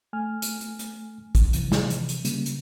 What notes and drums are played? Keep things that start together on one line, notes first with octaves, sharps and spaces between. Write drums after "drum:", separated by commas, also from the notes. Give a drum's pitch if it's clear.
A3 G#5 F6
drum: hi-hat
drum: hi-hat
drum: hi-hat
drum: kick, hi-hat
C3 E3 F3, drum: hi-hat
drum: snare
drum: hi-hat
drum: hi-hat
C#3 G3 A#3, drum: hi-hat
drum: hi-hat